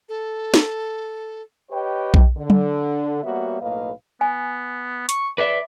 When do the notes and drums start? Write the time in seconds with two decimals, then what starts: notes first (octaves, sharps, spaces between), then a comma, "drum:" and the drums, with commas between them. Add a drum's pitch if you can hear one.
0.09 A4
0.54 drum: snare
1.71 G4 B4 C#5 D#5 G5
2.14 drum: kick B1
2.37 D3
2.50 drum: tom F#3
3.24 G3 A#3 B3 F#4 C#5 E5
3.61 B1 A2 A#3 B4 D#5 F5
4.21 B3 G#5
5.09 C#6, drum: hi-hat
5.38 B4 D5 E5 D6